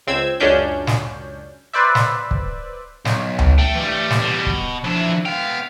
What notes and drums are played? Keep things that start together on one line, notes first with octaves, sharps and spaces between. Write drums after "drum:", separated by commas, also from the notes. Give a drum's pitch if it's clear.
C#2 C4 E6 G#6
C#2 F#2 C#4 D4 G6
drum: snare
B4 C5 D5 E5
drum: snare
drum: kick
B1, drum: snare
drum: tom C#2
A3 G5
E3 G3
drum: snare
B2
drum: kick
E3 F3 D4 E5
B3 F5 G5